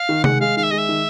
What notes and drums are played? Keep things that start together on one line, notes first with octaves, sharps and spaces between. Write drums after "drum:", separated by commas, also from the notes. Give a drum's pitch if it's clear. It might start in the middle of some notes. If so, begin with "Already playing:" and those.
Already playing: F5
D#3
G#3 F#5, drum: tom C3
G#3 F5
D#3 F5
E5
G#3 D#5
E5
D#3